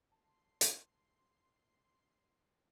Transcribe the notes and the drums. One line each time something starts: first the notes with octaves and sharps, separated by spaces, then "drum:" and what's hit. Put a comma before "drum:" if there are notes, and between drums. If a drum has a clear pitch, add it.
A5 C6 C7
drum: hi-hat